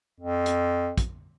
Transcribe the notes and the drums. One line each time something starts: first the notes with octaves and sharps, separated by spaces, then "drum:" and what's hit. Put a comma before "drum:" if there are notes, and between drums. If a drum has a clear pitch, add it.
F2
drum: hi-hat
drum: kick, hi-hat